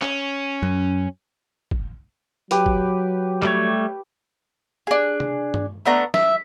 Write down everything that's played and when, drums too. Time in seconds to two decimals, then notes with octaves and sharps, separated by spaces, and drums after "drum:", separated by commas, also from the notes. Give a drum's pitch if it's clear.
0.02 C#4, drum: clap
0.63 F#2
1.71 drum: kick
2.51 F#3 G4 B4, drum: hi-hat
2.66 drum: kick
3.42 G3 A3 C#5, drum: clap
4.87 D4 G#4
5.20 drum: tom C3
5.54 drum: tom
5.86 A3 B3 D4 A#5
6.14 E5, drum: snare